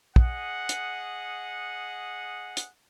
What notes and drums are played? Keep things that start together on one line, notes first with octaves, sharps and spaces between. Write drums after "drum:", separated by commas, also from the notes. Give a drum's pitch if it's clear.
G#4 D#5 F#5, drum: kick
drum: hi-hat
drum: hi-hat